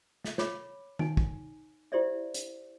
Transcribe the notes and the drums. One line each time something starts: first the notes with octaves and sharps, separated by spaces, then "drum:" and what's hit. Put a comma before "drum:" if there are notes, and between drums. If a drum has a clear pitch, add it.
drum: snare
C#5 B5 D6, drum: snare
D#4 G#5, drum: tom D#3
drum: kick
E4 G4 C5 D5 E5
drum: hi-hat